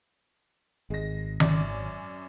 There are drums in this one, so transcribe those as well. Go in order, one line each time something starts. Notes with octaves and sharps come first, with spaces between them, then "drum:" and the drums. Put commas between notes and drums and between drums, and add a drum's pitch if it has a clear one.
G#1 G#3 A#6
F#2 C#4 D5, drum: tom D#3